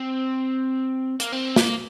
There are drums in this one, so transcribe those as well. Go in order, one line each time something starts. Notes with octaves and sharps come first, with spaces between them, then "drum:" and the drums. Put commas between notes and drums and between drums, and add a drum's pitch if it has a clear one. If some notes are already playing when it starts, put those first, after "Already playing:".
Already playing: C4
A#3, drum: hi-hat
C4
A#3, drum: snare